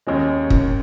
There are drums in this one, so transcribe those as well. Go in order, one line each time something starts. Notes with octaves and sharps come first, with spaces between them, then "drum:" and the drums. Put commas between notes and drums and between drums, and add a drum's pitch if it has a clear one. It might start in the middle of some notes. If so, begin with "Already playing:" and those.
D#2 D#3 G#3 C#4
C#4, drum: kick